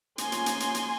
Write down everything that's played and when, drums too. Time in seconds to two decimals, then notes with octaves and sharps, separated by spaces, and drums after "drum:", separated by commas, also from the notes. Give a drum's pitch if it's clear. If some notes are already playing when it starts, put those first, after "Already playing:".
0.18 F3 A#3 C#4 G#5 C6, drum: hi-hat
0.32 drum: hi-hat
0.46 drum: hi-hat
0.60 drum: hi-hat
0.74 drum: hi-hat